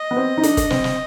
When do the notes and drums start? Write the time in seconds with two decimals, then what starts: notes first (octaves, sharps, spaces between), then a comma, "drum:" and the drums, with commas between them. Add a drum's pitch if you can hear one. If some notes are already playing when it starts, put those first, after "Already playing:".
Already playing: D#5
0.11 B3
0.17 C4
0.38 D#4
0.43 D4, drum: hi-hat
0.57 drum: kick, hi-hat
0.70 C4, drum: snare
0.84 drum: snare